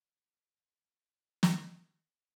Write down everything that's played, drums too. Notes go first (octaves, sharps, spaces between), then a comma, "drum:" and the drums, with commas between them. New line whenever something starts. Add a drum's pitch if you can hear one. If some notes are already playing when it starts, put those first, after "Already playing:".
D5 F5 C6
drum: snare